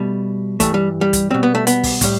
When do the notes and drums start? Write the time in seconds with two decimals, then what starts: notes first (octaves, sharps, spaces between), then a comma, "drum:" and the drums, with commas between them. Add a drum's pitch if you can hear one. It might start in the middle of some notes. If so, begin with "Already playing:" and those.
Already playing: B2 G3 A3
0.60 G2 E3 G3 A3, drum: kick, hi-hat
0.74 G3
1.01 G3
1.13 drum: kick, hi-hat
1.30 B2 G3 C4
1.43 B3
1.55 A3
1.67 B3, drum: hi-hat
1.83 drum: kick, open hi-hat
2.01 A2 G3, drum: kick, hi-hat